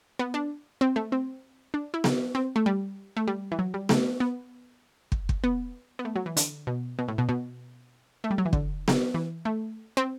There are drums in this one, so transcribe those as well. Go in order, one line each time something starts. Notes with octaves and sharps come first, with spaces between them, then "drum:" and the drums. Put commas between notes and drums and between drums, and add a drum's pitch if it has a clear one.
B3
D4
C4
A3
C4
D4
E4
drum: snare B3
C4
A3
G3
A3
G3
E3
F#3
G3
A3, drum: snare B3
B3
drum: kick
drum: kick
B3
B3
A3
F#3
E3
D3, drum: hi-hat
B2
B2
A2
B2
B2
A3
G3
F#3
E3
D3, drum: kick
drum: snare B3
E3
A3
C4